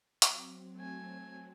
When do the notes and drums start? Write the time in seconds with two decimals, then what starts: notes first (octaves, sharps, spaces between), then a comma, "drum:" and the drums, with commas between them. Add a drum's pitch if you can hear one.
0.22 F#3 C4, drum: hi-hat
0.76 A3 G#5